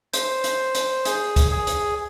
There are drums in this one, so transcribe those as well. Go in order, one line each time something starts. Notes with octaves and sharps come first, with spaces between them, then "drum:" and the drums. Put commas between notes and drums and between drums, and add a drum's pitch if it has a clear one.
C5, drum: hi-hat
drum: hi-hat
drum: hi-hat
G#4, drum: hi-hat
drum: kick C#2, hi-hat
G#4
drum: hi-hat